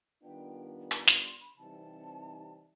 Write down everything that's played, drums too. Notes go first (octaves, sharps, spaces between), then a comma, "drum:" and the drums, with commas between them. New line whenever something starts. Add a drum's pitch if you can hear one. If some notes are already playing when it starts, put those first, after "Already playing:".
D#3 G3 B3 D4 F4 G5
A#5, drum: hi-hat
C6, drum: snare
C6
B5
C3 E3 G3 C4 D#4 A5